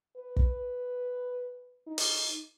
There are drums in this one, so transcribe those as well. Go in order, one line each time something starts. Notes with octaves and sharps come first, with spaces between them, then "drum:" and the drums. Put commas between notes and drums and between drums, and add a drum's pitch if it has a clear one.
B4
drum: kick
D#4
drum: open hi-hat